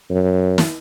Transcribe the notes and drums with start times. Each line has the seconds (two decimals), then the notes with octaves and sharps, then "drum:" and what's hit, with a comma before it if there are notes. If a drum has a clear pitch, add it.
0.10 F#2
0.58 drum: snare